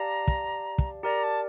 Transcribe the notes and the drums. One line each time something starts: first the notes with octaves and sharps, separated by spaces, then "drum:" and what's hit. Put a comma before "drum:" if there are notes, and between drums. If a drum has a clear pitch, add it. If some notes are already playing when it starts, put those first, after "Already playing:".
Already playing: G4 D5 F5 A5 A#5
drum: kick
drum: kick
G4 A#4 D5 A#5
A5